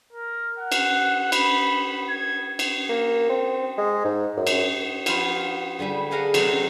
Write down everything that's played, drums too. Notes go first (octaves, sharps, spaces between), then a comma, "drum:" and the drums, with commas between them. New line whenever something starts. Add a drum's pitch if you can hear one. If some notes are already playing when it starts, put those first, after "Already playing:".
A#4
F#5
drum: cymbal
B5, drum: cymbal
G#6
drum: cymbal
A#3
C4
G#3
G#2
F#2
drum: cymbal
F3 B3 F4 F5 G#5 B5, drum: cymbal
D3 G3 G#5 B5
D4 G#4 B4 F5 F#5 A#5
C3 D#3 F#3 A3 C4 D4, drum: cymbal